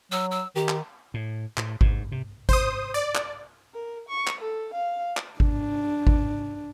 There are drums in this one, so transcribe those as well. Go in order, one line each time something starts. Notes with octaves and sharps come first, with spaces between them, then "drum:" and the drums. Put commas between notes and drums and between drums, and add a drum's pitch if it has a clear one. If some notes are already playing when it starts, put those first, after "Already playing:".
F#3 E6
E6
D#3 G4
drum: clap
A2
A2, drum: clap
G#2, drum: kick G#1
C3
C5 D#6, drum: kick G#1
D5
drum: clap
A#4
C#6
drum: clap
A4
F5
drum: clap
D4, drum: kick G#1
drum: kick G#1